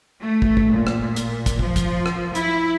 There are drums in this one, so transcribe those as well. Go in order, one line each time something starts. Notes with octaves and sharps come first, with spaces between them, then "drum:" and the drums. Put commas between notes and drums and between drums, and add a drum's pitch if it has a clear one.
A3
drum: kick
drum: kick
A#2
drum: rim click
drum: hi-hat
drum: kick, hi-hat
F3, drum: kick
drum: kick, hi-hat
drum: rim click
E4, drum: hi-hat